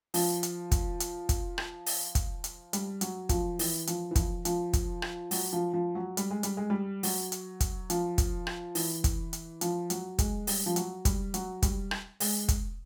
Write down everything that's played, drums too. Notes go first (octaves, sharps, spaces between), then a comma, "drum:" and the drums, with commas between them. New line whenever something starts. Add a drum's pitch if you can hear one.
F3, drum: open hi-hat
drum: hi-hat
drum: kick, hi-hat
drum: hi-hat
drum: kick, hi-hat
drum: rim click
drum: open hi-hat
drum: kick, hi-hat
drum: hi-hat
G3, drum: hi-hat
F#3, drum: hi-hat
F3, drum: kick, hi-hat
E3, drum: open hi-hat
F3, drum: hi-hat
E3
F3, drum: kick, hi-hat
F3, drum: hi-hat
drum: kick, hi-hat
drum: rim click
F#3, drum: open hi-hat
F3
F3
F#3
G3, drum: hi-hat
G#3
G3, drum: hi-hat
G#3
G3
F#3, drum: open hi-hat
drum: hi-hat
drum: kick, hi-hat
F3, drum: hi-hat
drum: kick, hi-hat
drum: rim click
E3, drum: open hi-hat
drum: kick, hi-hat
drum: hi-hat
F3, drum: hi-hat
F#3, drum: hi-hat
G#3, drum: kick, hi-hat
G3, drum: open hi-hat
F3
F#3, drum: hi-hat
G3, drum: kick, hi-hat
F#3, drum: hi-hat
G3, drum: kick, hi-hat
drum: rim click
G#3, drum: open hi-hat
drum: kick, hi-hat